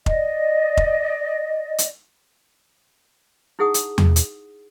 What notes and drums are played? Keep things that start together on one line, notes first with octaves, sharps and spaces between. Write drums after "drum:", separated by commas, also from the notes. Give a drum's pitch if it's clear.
D5 D#5, drum: kick F1
drum: kick F1
drum: hi-hat
D#4 E4 G#4 F#5 D#6
drum: hi-hat
drum: tom E2
drum: hi-hat